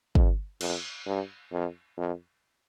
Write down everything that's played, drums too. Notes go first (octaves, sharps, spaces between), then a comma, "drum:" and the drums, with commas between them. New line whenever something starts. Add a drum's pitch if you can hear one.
F2, drum: kick
F2, drum: cymbal
G2
F2
F2